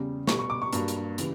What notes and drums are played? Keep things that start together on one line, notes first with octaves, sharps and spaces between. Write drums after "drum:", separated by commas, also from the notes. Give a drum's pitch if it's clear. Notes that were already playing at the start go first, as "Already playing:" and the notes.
Already playing: E2 C#3 G3
B2 G3 B3 C#6, drum: snare
C#6
D6
C#6
G2 F#3 A#3, drum: hi-hat
drum: hi-hat
C#3 E3 G3, drum: hi-hat